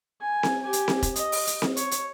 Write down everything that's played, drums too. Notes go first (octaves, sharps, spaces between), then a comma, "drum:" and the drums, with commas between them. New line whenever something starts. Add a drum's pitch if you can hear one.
G#5
drum: snare C4
G4 G#5
drum: hi-hat
drum: snare C4
drum: kick F1, hi-hat
D#5, drum: hi-hat
drum: open hi-hat
drum: hi-hat
drum: snare C4
C#5, drum: hi-hat
drum: hi-hat